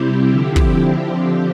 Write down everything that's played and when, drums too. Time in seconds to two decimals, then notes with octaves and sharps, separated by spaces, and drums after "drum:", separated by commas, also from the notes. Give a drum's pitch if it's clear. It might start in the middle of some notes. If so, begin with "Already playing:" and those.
Already playing: C3 G3 C4 E4 G4
0.30 D3 F3 C4 E4
0.56 drum: kick
1.06 D3 F3 C4 G4